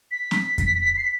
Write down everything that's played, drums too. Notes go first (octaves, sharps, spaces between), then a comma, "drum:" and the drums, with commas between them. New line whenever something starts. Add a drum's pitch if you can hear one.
B6
drum: snare C4
drum: kick F2, hi-hat
C7
B6